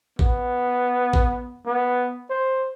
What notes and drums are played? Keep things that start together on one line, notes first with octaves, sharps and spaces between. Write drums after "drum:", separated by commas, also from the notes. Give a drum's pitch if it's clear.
B3, drum: kick A1
drum: kick A1
B3
C5